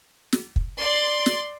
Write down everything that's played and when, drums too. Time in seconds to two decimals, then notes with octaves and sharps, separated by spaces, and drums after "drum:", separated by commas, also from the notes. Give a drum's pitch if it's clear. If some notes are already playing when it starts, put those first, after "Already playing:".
0.33 drum: snare
0.56 drum: kick
0.79 D5 C6
1.26 drum: snare